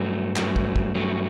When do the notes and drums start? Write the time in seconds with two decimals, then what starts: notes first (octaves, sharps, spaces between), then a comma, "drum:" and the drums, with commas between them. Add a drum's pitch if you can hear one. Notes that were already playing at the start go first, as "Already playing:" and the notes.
Already playing: G2 F#3 A3
0.36 G2 F#3 A3, drum: clap
0.56 drum: kick
0.76 drum: kick
0.95 G2 F#3 A3